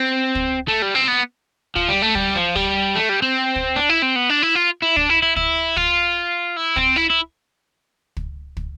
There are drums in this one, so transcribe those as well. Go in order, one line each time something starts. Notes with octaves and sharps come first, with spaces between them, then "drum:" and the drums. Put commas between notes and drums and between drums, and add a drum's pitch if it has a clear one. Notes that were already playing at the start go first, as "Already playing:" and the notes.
Already playing: C4
drum: kick
A3
G3
C4
B3
F3, drum: kick
G3
A3
G3, drum: kick
F3
G3, drum: kick
A3
G3
C4
drum: kick
D4
E4
C4
B3
D4
E4
F4
E4
D4, drum: kick
E4
E4
E4, drum: kick
F4, drum: kick
E4
C4, drum: kick
E4
E4
drum: kick
drum: kick